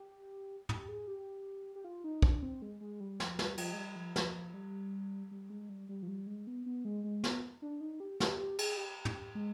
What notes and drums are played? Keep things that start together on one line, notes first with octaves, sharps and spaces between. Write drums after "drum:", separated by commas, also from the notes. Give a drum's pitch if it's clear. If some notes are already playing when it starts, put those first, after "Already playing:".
Already playing: G4
G4, drum: tom
G#4
G4
G4
F4
D#4
D4, drum: kick
D4
C4
G#3
G#3
G3
F3, drum: snare
G3, drum: snare
F3, drum: cymbal
G#3
G3
F3
F3, drum: snare
F3
G3
G3
G#3
G3
G3
F3
G3
G#3
B3
B3
G#3
G#3
B3, drum: snare
D4
D#4
G4
G4, drum: snare
G4
G#4, drum: cymbal
G4
drum: tom
G#3